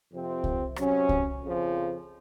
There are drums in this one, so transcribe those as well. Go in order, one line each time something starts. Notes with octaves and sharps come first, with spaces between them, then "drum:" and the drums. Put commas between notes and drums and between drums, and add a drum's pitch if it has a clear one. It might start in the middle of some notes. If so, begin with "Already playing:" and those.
F2 C3 F3 C4
drum: kick C2
C3 F#3 C#4, drum: rim click
drum: kick C2
F2 C#3 F3